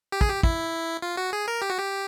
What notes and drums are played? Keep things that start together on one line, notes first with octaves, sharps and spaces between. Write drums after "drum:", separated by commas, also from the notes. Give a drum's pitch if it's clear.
G4
G#4, drum: kick
G4
E4, drum: kick
F4
F#4
G#4
A#4
G4
F#4
G4